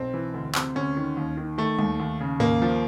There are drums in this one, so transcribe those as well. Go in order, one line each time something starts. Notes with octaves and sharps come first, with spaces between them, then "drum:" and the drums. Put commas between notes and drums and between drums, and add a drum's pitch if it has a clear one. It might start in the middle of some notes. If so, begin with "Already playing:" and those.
Already playing: B1 C4
E3
D2
C3, drum: clap
D2 C#4
D#3
D#2
D#3
D#3 A3
D#2, drum: tom G3
D#2
C#3
D#2 A#3, drum: tom G#2
F3